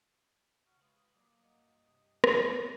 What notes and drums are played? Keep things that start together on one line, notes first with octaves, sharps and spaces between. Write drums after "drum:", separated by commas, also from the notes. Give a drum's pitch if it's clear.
C#3 F#4 F6
G#3 B4 D#6
F#3 A#3 D5
G2 A#4 D#5 F#5
C3 D#6
drum: rim click
C#4 F4